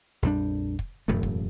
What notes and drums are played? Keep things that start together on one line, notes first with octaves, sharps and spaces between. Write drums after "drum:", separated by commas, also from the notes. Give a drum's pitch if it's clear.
A#1 F2 G3 D4
drum: kick
E1 F#2 A2 A3
drum: kick